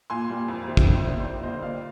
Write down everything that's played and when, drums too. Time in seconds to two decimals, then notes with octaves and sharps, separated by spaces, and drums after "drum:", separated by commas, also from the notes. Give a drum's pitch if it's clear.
0.10 A#2 G#5 C6
0.29 G3 A#3
0.48 F2
0.67 C3 D#3
0.77 drum: kick
0.87 F2
0.95 C5
1.05 C3 D#3 A#3 D5
1.20 C5
1.24 F2 D5
1.43 D3 G3 A#3 C5 D#5
1.62 A#2 D5 F5